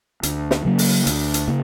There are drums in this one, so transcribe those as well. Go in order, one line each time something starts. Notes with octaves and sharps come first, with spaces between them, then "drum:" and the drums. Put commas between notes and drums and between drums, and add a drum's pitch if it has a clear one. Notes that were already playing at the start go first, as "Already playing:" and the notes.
D2, drum: hi-hat
drum: snare
C#3 F#3 A#3
drum: open hi-hat
D2, drum: hi-hat
drum: hi-hat
C#3 A#3